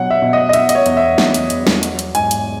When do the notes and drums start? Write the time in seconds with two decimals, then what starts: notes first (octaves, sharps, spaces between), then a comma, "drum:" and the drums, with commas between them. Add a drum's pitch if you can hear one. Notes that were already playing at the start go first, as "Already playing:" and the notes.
Already playing: B2 F#3 F#5
0.10 E5
0.22 B2
0.33 D#5
0.49 D#5
0.53 B2 E5, drum: hi-hat
0.69 D#5, drum: hi-hat
0.75 C#5
0.86 E2, drum: hi-hat
0.97 E5
1.18 E2, drum: snare
1.34 drum: hi-hat
1.50 E2, drum: hi-hat
1.67 drum: snare
1.83 F#3, drum: hi-hat
1.99 drum: hi-hat
2.15 G#2 G#5, drum: hi-hat
2.31 drum: hi-hat